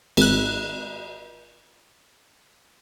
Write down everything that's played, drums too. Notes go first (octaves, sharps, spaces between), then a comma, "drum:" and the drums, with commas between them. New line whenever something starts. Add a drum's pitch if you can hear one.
G#1 F#6, drum: cymbal